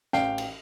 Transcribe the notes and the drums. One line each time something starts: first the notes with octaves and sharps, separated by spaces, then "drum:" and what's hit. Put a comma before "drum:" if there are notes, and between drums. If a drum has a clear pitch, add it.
A1 F5 G5, drum: snare
drum: cymbal